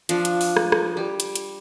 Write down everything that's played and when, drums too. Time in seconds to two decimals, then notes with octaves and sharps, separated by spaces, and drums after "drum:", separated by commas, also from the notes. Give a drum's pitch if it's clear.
0.09 F3 D4, drum: hi-hat
0.25 drum: hi-hat
0.41 drum: open hi-hat
0.57 drum: rim click
0.72 drum: rim click
0.97 G3
1.20 drum: hi-hat
1.36 drum: hi-hat